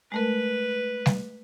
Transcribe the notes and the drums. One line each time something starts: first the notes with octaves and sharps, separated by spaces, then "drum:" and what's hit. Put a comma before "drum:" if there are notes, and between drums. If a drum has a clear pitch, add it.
G#3 A3 A#4 B4
drum: snare G3